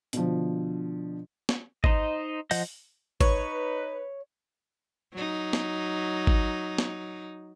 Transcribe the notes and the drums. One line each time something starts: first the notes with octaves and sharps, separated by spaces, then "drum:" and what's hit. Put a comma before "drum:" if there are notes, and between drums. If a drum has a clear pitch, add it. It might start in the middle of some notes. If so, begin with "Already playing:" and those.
B2 D3 F3, drum: hi-hat
drum: snare
D#4 C5 D#5, drum: kick
F3 C5 D#5 F#5 G6, drum: open hi-hat
D#4 B4 C#5, drum: kick
F#3 D#4
drum: snare
drum: kick
drum: snare